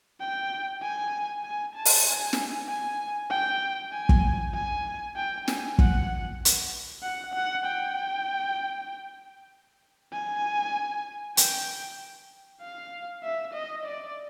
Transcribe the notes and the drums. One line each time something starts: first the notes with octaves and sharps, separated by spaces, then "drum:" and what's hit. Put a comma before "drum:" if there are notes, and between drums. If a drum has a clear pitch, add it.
G5
G#5
G#5
A5
drum: open hi-hat
G#5
drum: snare
G#5
G5
G#5
drum: kick
G#5
G5
G#5, drum: snare
F#5, drum: kick
drum: hi-hat
F#5
F#5
G5
G#5
G5, drum: hi-hat
F5
E5
D#5
D5